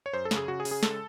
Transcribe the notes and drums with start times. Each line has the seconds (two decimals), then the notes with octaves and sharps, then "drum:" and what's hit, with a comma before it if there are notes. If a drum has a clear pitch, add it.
0.06 C#5
0.14 F#2 C5
0.25 A4
0.31 C#3, drum: snare
0.37 G#4
0.48 C#3 F#4
0.60 G#4
0.65 C#3, drum: open hi-hat
0.71 G#4
0.83 G#3 A4, drum: snare